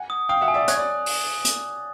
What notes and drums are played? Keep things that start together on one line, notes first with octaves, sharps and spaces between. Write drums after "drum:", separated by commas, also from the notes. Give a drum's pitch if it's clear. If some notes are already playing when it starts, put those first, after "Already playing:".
Already playing: F#5 G#5
D#6
F5 G5 D#6
E5 F#5
G#5
D5 E5
C#5 D#5 F#6, drum: hi-hat
D5
drum: open hi-hat
drum: hi-hat